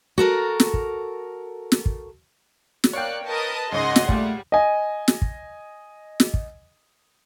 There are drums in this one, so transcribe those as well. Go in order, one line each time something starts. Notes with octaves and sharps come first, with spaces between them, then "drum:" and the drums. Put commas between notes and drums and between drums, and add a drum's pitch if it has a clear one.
F#4 A4 A#4
drum: snare
drum: kick
drum: snare
drum: kick
drum: snare
A#3 C#5 D5 F5 G5 F#6
A#4 B4 D#5 A5 D#6
C#2 G#2 G#4 D#5 F#5 C6
drum: snare
A#2 G3 A3, drum: kick
D#5 G#5
drum: snare
drum: kick
drum: snare
drum: kick